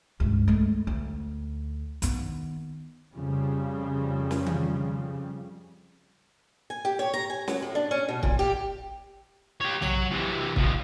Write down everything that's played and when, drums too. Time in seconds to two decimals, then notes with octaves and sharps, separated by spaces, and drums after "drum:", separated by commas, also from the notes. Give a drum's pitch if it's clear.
0.20 C#2 G2
0.48 G#3 A3
0.87 D2
2.02 D#3 B3, drum: hi-hat
3.13 F2 C#3 F3 G3
4.31 drum: snare
4.46 drum: tom D#3
6.70 G#5
6.85 G4
6.99 C#5
7.14 A#5
7.30 G#5
7.48 F#3, drum: snare
7.62 A2
7.75 D4
7.91 C#4
8.09 B2
8.23 A#2, drum: kick
8.39 G4
9.60 G4 C#5
9.82 F#3 C#5, drum: tom
10.11 C3 E3
10.56 C#2 F3, drum: kick